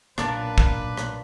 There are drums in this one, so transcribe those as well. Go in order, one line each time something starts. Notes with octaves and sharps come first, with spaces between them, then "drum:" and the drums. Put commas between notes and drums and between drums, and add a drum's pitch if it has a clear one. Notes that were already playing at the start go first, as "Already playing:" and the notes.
B1 A#2 B3 D4 F4 A#4 B4, drum: rim click
drum: kick
drum: rim click